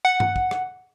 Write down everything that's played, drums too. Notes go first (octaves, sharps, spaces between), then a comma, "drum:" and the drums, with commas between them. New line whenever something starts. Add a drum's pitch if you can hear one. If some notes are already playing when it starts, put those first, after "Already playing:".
F#5
drum: tom G2
drum: kick
drum: rim click